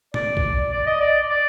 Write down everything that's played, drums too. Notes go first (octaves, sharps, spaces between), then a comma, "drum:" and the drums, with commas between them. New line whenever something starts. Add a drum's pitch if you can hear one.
D5, drum: tom A2
drum: kick A#1
D5
D#5
D5
D5